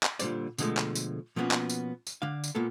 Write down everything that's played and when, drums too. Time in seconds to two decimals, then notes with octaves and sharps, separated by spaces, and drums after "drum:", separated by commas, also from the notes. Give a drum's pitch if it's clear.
0.03 drum: clap
0.19 A#2 D3 G3 C5 D5, drum: tambourine
0.58 B2 D3 F3 G#3 A3, drum: tambourine
0.77 drum: clap
0.95 drum: tambourine
1.36 B2 F3 A#3 B3 C#4 F#4
1.51 drum: clap
1.70 drum: tambourine
2.07 drum: tambourine
2.22 D3 D4 F5
2.44 drum: tambourine
2.55 A#2 A#3 B3 A4